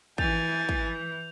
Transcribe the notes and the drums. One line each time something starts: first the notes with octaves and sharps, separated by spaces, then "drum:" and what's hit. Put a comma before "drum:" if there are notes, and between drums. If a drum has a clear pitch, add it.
E3 G#5 G6 A6 F7, drum: kick
drum: kick